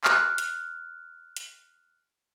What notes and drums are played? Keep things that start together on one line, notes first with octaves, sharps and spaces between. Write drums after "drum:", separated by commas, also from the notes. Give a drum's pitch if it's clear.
F6 F#6, drum: clap
drum: hi-hat
drum: hi-hat